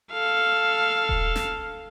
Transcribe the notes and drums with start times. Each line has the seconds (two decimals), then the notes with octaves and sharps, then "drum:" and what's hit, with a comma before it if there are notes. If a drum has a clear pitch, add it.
0.12 A4 F5
1.09 drum: kick D#1
1.36 drum: snare